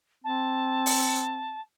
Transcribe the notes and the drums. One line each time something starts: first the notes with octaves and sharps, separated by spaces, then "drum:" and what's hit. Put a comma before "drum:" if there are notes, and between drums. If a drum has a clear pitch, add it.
C4 A5
drum: open hi-hat